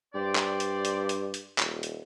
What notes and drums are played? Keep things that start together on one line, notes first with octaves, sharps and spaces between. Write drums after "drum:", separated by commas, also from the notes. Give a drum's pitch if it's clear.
G2 G4 C5 D5
drum: clap
drum: hi-hat
drum: hi-hat
drum: hi-hat
drum: hi-hat
D#1, drum: clap
drum: hi-hat